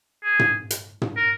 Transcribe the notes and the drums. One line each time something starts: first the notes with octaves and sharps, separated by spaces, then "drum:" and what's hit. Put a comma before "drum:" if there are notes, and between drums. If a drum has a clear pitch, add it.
G#4
drum: tom
drum: hi-hat
drum: tom
A#4